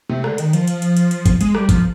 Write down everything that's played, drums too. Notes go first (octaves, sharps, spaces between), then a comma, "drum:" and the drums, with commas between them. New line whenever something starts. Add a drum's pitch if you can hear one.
C3, drum: tom G#3
D3, drum: rim click
D#3, drum: hi-hat
F3, drum: hi-hat
drum: hi-hat
drum: hi-hat
drum: hi-hat
drum: hi-hat
drum: kick, hi-hat
G#3, drum: hi-hat
G3, drum: rim click
F3, drum: kick, hi-hat